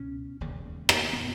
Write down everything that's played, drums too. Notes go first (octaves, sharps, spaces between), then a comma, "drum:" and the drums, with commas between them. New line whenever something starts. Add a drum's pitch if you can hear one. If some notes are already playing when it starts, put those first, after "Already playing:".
Already playing: C#2 B2 C#4
E1 D#2 C#3
drum: rim click
A#2 B3